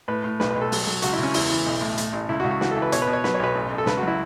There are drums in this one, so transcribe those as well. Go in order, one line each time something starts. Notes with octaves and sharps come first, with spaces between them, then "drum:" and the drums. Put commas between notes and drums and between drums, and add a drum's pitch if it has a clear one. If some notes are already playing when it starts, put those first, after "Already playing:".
A2 B4
A2
B1 B4, drum: snare
B4
B1
A4
F#3, drum: open hi-hat
F#3
C#2 F#4, drum: hi-hat
E4
C#2 C#4
E2 E4, drum: open hi-hat
E3
B1
A2
A2, drum: hi-hat
A1
C#2 E4
F#4
C#2
F#4
E3 F#4, drum: snare
A4
E3
B4
B2 C#5, drum: hi-hat
B4
B2
C#5
F#3 B4, drum: snare
C#5
B1 B4
A1
A1
A4
C#2 B4, drum: snare
F#4
F#3 E4